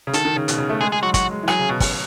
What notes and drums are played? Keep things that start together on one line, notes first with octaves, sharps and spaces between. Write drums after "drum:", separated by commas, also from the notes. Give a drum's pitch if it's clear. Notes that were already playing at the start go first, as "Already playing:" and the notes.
C#3
D#3 A4, drum: hi-hat
D#3
C#3
B2, drum: hi-hat
C#3
A3
G#3 G#4
G#3 G#4
F#3 F#4
F#3 F#4, drum: kick, hi-hat
G#3
E3
F#3 G#4, drum: rim click
C#3
B2
B2, drum: kick, open hi-hat